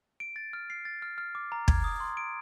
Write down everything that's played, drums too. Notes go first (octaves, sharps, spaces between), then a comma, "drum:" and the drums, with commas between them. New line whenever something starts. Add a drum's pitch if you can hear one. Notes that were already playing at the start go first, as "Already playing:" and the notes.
D7
A6
F6
C7
A6
F6
F6
D6
A#5
G#6, drum: kick
D#6
C6
D7